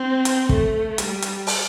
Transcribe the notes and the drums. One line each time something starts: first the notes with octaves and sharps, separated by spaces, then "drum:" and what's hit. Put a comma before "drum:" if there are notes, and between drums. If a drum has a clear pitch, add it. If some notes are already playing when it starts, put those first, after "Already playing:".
Already playing: C4
drum: hi-hat
A3, drum: kick
G3, drum: hi-hat
drum: hi-hat
drum: open hi-hat